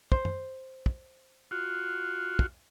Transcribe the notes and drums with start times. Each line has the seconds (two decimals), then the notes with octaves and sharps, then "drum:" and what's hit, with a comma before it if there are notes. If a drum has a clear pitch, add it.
0.12 C5, drum: kick
0.25 drum: tom F#2
0.86 drum: kick
1.51 F4 F#4
2.39 drum: kick